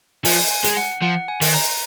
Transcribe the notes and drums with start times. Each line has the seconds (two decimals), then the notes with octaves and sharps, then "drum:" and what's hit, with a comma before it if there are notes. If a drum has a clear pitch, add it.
0.25 F3 G#5, drum: open hi-hat
0.51 G#5
0.64 G#3, drum: hi-hat
0.77 F#5
1.02 F3 F#5
1.28 G#5
1.41 D#3, drum: open hi-hat
1.54 A#5